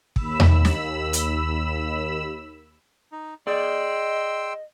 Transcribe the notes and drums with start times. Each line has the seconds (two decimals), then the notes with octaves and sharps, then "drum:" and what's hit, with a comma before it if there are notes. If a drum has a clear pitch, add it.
0.16 D#2 B5 E6, drum: kick
0.40 drum: tom E2
0.65 drum: snare
1.13 drum: hi-hat
3.12 D#4
3.47 G#4 D5 D#5 G5 C6 E6